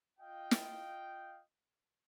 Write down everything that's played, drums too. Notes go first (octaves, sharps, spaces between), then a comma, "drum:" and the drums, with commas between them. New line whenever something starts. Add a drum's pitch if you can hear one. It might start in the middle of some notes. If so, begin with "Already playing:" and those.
F4 D#5 F5 G5
drum: snare